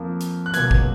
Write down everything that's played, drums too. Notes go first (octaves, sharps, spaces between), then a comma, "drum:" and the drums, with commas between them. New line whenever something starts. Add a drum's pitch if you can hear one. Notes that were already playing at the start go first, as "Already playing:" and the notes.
Already playing: F2 F3 A#3
drum: hi-hat
F#6
C#2 B2 F#3 A#3 G#6, drum: hi-hat
drum: kick